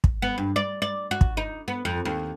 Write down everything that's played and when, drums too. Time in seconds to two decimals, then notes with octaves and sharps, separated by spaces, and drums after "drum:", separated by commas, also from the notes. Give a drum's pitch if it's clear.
0.04 drum: kick
0.22 B3
0.38 G2
0.56 D5
0.82 D5
1.11 F#4
1.21 drum: kick
1.37 D#4
1.68 B3
1.85 F2
2.05 D#2